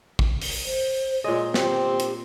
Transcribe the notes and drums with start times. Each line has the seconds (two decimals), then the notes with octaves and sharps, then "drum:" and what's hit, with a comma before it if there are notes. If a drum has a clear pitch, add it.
0.19 drum: kick
0.42 drum: open hi-hat
0.65 C5
1.24 A#2 G#3 C#5 D#5
1.54 C4 G4, drum: snare
2.00 drum: hi-hat